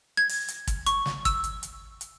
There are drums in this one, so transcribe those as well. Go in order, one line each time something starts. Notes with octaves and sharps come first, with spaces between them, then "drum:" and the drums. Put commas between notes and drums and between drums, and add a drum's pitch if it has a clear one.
G#6
drum: open hi-hat
drum: hi-hat
drum: kick, hi-hat
C#6, drum: hi-hat
drum: snare
E6, drum: kick, hi-hat
drum: hi-hat
drum: hi-hat
drum: hi-hat